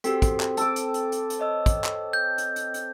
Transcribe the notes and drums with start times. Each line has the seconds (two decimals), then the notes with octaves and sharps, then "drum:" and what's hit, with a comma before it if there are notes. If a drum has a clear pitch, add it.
0.04 C4 F#4 G4 A4, drum: hi-hat
0.22 drum: kick, hi-hat
0.40 drum: clap
0.57 A4 D6 E6, drum: hi-hat
0.76 drum: hi-hat
0.94 drum: hi-hat
1.12 drum: hi-hat
1.30 drum: hi-hat
1.39 C#5 D#5 E6
1.66 drum: kick, hi-hat
1.84 drum: clap
2.13 G6
2.38 drum: hi-hat
2.56 drum: hi-hat
2.74 drum: hi-hat